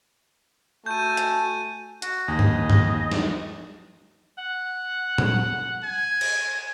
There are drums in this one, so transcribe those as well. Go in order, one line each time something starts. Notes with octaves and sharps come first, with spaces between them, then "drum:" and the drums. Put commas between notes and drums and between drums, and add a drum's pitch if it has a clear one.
A3 F#4 G#5 A5 G6 D#7
drum: hi-hat
F#4, drum: hi-hat
D#2 D#5 G#5
drum: tom
drum: tom
drum: snare
F#5
drum: tom A#2
G#5
drum: cymbal